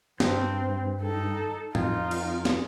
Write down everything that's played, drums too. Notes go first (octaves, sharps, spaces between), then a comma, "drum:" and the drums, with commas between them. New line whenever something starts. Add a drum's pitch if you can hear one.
G2 C4, drum: snare
D#4 A4
F2 D#4 F4, drum: tom
drum: cymbal
drum: snare